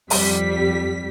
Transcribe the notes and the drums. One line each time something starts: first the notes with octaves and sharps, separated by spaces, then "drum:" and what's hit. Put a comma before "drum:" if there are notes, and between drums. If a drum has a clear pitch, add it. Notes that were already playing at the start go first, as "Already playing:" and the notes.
F2 G3 B6, drum: open hi-hat